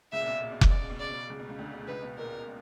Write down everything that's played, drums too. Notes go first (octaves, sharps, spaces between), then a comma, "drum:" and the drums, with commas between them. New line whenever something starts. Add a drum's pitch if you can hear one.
C#2 C#3 E5
A#2
B2
A#2
B2
A#2, drum: kick F1
B2 D5
C#3
B2
C#3 D5
B2
C#2 C#3
B2
C#2 C#3
D2 D3
B2
C#2 C#3 B4
B2
A#2 A#4